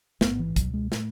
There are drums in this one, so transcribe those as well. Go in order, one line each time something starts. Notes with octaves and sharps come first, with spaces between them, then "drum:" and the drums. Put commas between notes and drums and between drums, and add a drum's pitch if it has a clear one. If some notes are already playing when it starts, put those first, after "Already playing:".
A1 G#2 B3, drum: snare
E3
C#2 B2 F#3, drum: kick, hi-hat
G#3
A2 A3, drum: snare